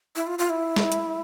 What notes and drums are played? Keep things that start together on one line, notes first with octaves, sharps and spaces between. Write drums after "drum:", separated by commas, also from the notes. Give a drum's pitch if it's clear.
E4
F4
F4
E4
drum: snare
drum: hi-hat